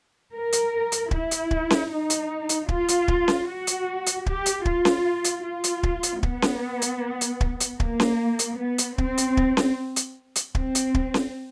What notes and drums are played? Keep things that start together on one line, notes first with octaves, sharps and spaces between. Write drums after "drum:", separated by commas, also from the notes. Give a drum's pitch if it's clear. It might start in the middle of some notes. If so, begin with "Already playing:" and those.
A#4
drum: hi-hat
drum: hi-hat
E4, drum: kick
drum: hi-hat
drum: kick
drum: snare C#4
D#4
drum: hi-hat
drum: hi-hat
F4, drum: kick
drum: hi-hat
drum: kick
drum: snare C#4
F#4
drum: hi-hat
drum: hi-hat
G4, drum: kick
drum: hi-hat
F4, drum: kick
drum: snare C#4
drum: hi-hat
F4
drum: hi-hat
drum: kick
drum: hi-hat
B3, drum: kick
drum: snare C#4
drum: hi-hat
drum: hi-hat
drum: kick
drum: hi-hat
A#3, drum: kick
drum: snare C#4
drum: hi-hat
B3
drum: hi-hat
C4, drum: kick
drum: hi-hat
drum: kick
drum: snare C#4
drum: hi-hat
drum: hi-hat
C4, drum: kick
drum: hi-hat
drum: kick
drum: snare C#4